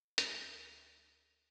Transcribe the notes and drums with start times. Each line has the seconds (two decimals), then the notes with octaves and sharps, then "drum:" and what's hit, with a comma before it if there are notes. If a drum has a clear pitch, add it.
0.18 D2 G#3 F6, drum: hi-hat